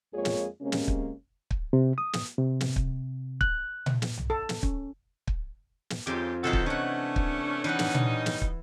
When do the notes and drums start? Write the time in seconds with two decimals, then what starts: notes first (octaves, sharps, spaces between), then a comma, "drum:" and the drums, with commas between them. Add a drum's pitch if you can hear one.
0.13 F2 G#3 A#3 F4 G#4 C#5
0.25 drum: snare
0.61 C3 G#3 A#3 C#4
0.72 drum: snare
0.88 drum: kick
1.51 drum: kick
1.73 C3
1.98 D#6
2.13 drum: snare
2.38 C3
2.61 drum: snare
2.76 drum: kick
3.41 F#6, drum: kick
3.86 drum: tom A#2
4.02 drum: snare
4.18 drum: tom B1
4.30 A4
4.49 drum: snare
4.63 C#4, drum: kick
5.27 drum: kick
5.90 drum: snare
6.07 F2 G#2 C#3 F4 G4
6.44 C3 E3 F3 D#4 F#4 A4
6.53 drum: kick
6.66 E3 A3 C#4 D4 F#5
7.16 drum: kick
7.64 E3 G3 C#4 D#4 B4 F#5
7.79 drum: snare
7.94 drum: tom A#2
8.26 drum: snare
8.42 drum: kick